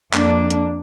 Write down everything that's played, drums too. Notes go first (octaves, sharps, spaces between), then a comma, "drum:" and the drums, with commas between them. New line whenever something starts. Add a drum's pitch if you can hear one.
F2 A#3 D4, drum: clap
drum: hi-hat